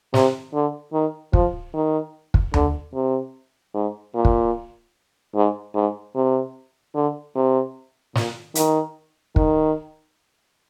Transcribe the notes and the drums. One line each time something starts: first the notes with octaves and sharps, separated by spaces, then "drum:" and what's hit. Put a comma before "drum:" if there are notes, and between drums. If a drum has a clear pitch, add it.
C3, drum: snare
D3
D#3
F3, drum: kick
D#3
drum: kick
D3, drum: tom D#2
C3
G#2
A#2
drum: kick
G#2
G#2
C3
D3
C3
A#2, drum: snare
D#3, drum: hi-hat
D#3, drum: kick